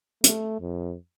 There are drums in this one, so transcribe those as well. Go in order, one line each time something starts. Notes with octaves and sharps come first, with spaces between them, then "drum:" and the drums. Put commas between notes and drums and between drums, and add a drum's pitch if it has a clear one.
A3, drum: hi-hat
F2